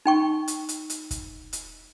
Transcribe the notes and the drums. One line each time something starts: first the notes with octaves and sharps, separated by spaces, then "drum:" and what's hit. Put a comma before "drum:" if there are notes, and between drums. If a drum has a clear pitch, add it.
D#4 G5 C#6
drum: hi-hat
drum: hi-hat
drum: hi-hat
drum: kick, hi-hat
drum: hi-hat